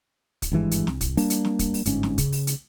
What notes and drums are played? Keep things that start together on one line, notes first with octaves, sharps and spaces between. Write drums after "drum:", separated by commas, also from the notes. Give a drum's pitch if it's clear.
drum: kick, hi-hat
G#1 G2 E3 G#3
drum: hi-hat
C2, drum: snare
drum: kick, hi-hat
G3 A#3 D4, drum: open hi-hat
drum: hi-hat
drum: snare
drum: kick, hi-hat
drum: open hi-hat
G1 G#2 C#4, drum: hi-hat
drum: snare
C#3, drum: kick, hi-hat
drum: open hi-hat
drum: hi-hat